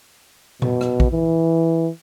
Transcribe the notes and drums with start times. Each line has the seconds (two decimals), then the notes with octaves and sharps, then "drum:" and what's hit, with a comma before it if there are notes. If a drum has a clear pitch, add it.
0.62 B2, drum: tom A#2
0.81 drum: rim click
1.00 drum: kick A#1
1.11 E3